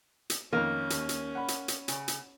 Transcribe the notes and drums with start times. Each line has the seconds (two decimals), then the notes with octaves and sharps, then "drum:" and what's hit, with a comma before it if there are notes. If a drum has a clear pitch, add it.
0.30 drum: hi-hat
0.53 F2 D#3 A#3 C#4
0.90 D#2, drum: hi-hat
1.09 drum: hi-hat
1.35 F#5 B5
1.48 drum: hi-hat
1.68 drum: hi-hat
1.88 C#3, drum: hi-hat
2.08 drum: hi-hat